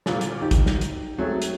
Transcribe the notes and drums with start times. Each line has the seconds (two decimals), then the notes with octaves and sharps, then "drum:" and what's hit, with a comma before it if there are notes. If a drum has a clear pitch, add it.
0.06 C2 A#2 D3, drum: snare
0.21 drum: hi-hat
0.42 D#4 G4
0.51 drum: kick A1, hi-hat
0.66 drum: snare
0.81 drum: hi-hat
1.18 F#3 A3 C4 G#4
1.42 drum: hi-hat